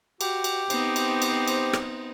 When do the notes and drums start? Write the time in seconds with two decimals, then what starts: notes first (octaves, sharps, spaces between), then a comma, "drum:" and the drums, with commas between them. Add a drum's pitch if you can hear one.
0.21 F#4 G4, drum: cymbal
0.44 drum: cymbal
0.70 B3 C4 D#4 C5, drum: cymbal
0.96 drum: cymbal
1.22 drum: cymbal
1.48 drum: cymbal
1.73 drum: rim click